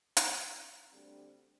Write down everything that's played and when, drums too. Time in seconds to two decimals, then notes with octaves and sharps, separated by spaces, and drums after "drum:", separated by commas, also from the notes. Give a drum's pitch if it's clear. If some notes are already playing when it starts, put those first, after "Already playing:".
0.17 drum: hi-hat
0.92 D2 D3 G3 C4